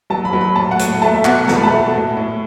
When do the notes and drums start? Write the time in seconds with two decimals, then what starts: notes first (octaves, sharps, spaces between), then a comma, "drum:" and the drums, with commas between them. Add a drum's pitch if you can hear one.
0.10 F#3 A5
0.25 B5
0.33 F#3
0.41 B5
0.55 A2 A5
0.71 F#5
0.79 A2, drum: hi-hat
1.02 A3 A5
1.14 E5
1.25 B2 F#5, drum: clap
1.48 B2 A5, drum: snare
1.55 B5
1.64 A5
1.71 A3
1.94 A2
2.17 A2